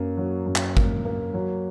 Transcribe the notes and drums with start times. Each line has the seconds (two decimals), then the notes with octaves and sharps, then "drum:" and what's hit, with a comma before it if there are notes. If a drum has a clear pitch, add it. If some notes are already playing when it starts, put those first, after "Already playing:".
Already playing: F#2 A#3
0.17 F#3
0.46 F#2
0.56 drum: clap
0.77 A#3, drum: kick
1.05 A#3
1.34 F#3